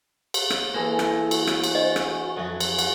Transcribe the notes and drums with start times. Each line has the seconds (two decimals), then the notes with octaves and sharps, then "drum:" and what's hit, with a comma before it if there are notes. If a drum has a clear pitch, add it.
0.34 drum: cymbal
0.50 drum: rim click
0.74 E3 A#3 G#4 A4
0.99 drum: rim click
1.31 F#4, drum: cymbal
1.47 drum: rim click
1.64 drum: cymbal
1.75 D4 C5 D#5
1.96 drum: rim click
2.37 F2 F#3 A4 E5
2.60 drum: cymbal
2.79 F#4, drum: cymbal